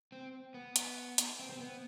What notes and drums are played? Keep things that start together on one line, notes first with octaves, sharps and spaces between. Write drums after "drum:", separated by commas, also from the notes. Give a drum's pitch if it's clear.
C4
B3
drum: hi-hat
drum: hi-hat
C4
C4
B3